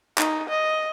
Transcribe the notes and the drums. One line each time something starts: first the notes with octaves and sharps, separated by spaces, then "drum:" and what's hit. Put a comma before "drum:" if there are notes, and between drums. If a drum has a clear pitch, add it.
D#4, drum: clap
D#5